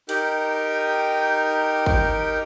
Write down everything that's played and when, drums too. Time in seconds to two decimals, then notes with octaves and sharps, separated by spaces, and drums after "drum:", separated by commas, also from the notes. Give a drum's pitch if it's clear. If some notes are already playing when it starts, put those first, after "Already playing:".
0.09 D#4 G4 A#4 G5, drum: hi-hat
1.86 drum: kick